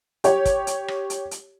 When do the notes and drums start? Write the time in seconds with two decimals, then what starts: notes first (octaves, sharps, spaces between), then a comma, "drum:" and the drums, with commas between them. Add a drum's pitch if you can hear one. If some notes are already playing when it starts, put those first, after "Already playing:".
0.24 G4 C#5, drum: hi-hat
0.45 drum: kick, hi-hat
0.67 drum: hi-hat
0.88 drum: rim click
1.10 drum: hi-hat
1.31 drum: hi-hat